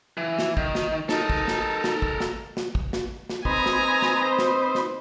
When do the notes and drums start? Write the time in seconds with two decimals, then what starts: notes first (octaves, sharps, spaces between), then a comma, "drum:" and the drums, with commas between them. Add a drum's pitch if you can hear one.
0.17 E3
0.39 drum: snare
0.57 D#3, drum: kick
0.75 drum: snare
1.09 D#4 A4 A#4, drum: snare
1.30 drum: kick
1.48 drum: snare
1.84 drum: snare
2.02 drum: kick
2.20 drum: snare
2.57 drum: snare
2.75 drum: kick
2.93 drum: snare
3.30 drum: snare
3.45 C4 D#4 B4 G#5 A#5, drum: kick
3.66 drum: snare
4.02 drum: snare
4.25 C5
4.39 drum: snare
4.75 drum: snare